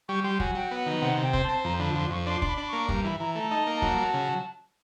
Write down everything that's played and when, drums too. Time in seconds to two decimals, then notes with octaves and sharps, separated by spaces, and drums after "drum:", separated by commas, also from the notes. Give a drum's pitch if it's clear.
0.08 G3 C#6
0.24 G3 C6
0.40 F#3 G#5, drum: kick
0.55 F#3 G5
0.71 B3 F#5
0.86 D#3
1.02 C3 F#5
1.17 C3
1.23 G5
1.33 C4, drum: kick
1.44 A5
1.49 C4
1.64 F2 A#5
1.80 D3 B5
1.95 F2 C6
2.11 F2 C#6
2.26 D4 C6
2.42 D4, drum: kick
2.48 B5
2.58 D4
2.68 A#3 C#6
2.89 G2 A#5, drum: kick
3.04 E3 B5
3.20 E3 A#5
3.35 A3 A#5
3.51 D#4 A5
3.64 A#3 A#5
3.76 A5
3.82 F#3, drum: kick
3.98 F#3
4.14 C#3